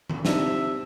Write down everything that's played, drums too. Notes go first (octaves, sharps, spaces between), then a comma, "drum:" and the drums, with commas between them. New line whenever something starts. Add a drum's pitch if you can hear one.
drum: tom D#3
C3 D4 D#4 E5, drum: snare